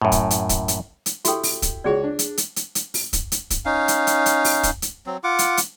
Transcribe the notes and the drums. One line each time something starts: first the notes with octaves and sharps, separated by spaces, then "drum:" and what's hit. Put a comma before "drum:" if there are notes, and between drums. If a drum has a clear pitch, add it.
F#2 A2
drum: kick, hi-hat
drum: hi-hat
drum: kick, hi-hat
drum: hi-hat
drum: hi-hat
E4 F#4 G4 A4 G5, drum: hi-hat
drum: open hi-hat
drum: kick, hi-hat
C#2 F#4 G#4 C#5 D5
D4
drum: hi-hat
drum: hi-hat
drum: hi-hat
drum: hi-hat
drum: open hi-hat
drum: kick, hi-hat
drum: hi-hat
drum: kick, hi-hat
C#4 D#4 F5
drum: hi-hat
drum: hi-hat
drum: hi-hat
drum: open hi-hat
drum: kick, hi-hat
drum: hi-hat
F#3 C4
F4 F#5 D6
drum: hi-hat
drum: hi-hat